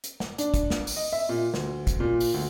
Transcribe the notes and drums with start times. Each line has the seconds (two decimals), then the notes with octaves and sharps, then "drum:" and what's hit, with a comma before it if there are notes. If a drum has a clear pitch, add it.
0.04 drum: hi-hat
0.20 drum: snare
0.38 D4, drum: hi-hat
0.54 drum: kick, hi-hat
0.70 drum: snare
0.87 drum: open hi-hat
0.96 D#5
1.13 E5
1.29 A#2
1.54 D2, drum: snare
1.87 drum: kick, hi-hat
2.00 A#2
2.20 drum: open hi-hat
2.34 D2